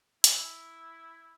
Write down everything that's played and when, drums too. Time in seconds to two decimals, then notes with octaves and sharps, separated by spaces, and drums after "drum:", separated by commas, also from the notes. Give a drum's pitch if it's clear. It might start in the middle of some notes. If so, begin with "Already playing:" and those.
0.24 E4, drum: hi-hat